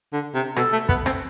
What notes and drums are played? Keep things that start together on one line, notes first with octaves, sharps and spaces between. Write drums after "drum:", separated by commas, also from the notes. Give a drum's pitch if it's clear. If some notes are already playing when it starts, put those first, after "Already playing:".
D3
C3
B2 A4, drum: rim click
A3
B3, drum: kick
C4, drum: rim click